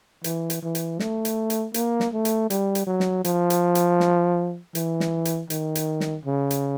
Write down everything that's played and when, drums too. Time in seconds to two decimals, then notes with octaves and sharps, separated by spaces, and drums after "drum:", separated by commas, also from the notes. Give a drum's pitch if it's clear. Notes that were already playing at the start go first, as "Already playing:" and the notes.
0.24 E3, drum: hi-hat
0.50 drum: hi-hat
0.62 E3
0.75 drum: hi-hat
1.00 A3, drum: snare
1.25 drum: hi-hat
1.50 drum: hi-hat
1.74 A#3, drum: hi-hat
2.00 drum: snare
2.13 A3
2.25 drum: hi-hat
2.50 G3, drum: hi-hat
2.75 drum: hi-hat
2.87 F#3
3.00 drum: snare
3.25 F3, drum: hi-hat
3.50 drum: hi-hat
3.75 drum: hi-hat
4.00 drum: snare
4.75 E3, drum: hi-hat
5.00 drum: snare
5.25 drum: hi-hat
5.50 D#3, drum: hi-hat
5.75 drum: hi-hat
6.00 drum: snare
6.25 C#3
6.51 drum: hi-hat